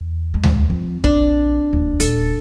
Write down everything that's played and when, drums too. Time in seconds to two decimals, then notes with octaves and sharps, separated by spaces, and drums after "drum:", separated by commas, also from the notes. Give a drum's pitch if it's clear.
0.01 E2
0.34 G#3
0.43 drum: tom D2
0.70 F3 C4
1.04 A#1 D4, drum: kick
1.73 E1 D#2
2.00 D#1 A4, drum: hi-hat